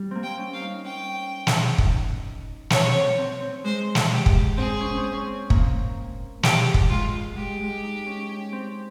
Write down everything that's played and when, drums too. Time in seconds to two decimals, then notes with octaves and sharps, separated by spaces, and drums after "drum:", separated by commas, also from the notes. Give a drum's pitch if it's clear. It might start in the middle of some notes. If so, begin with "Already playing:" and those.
Already playing: G3
0.11 A#3 C4
0.23 G5
0.38 C#4
0.54 F5
0.61 D#4
0.85 C#4 G5
1.47 drum: snare
1.78 D#4, drum: kick
2.70 C#4 C#5, drum: snare
2.94 C4
3.18 C4
3.40 C4
3.64 G#3 C5
3.95 drum: snare
4.11 G4
4.26 drum: kick
4.57 C4 G#4
4.81 C#4
4.97 C4
5.03 C#4
5.27 C4
5.50 A#3, drum: kick
6.43 A#3 G4, drum: snare
6.74 drum: kick
6.89 G#3 F4
7.36 G#3 G4
7.60 G#3
7.83 D#4
8.06 C#4
8.29 C#4
8.52 C4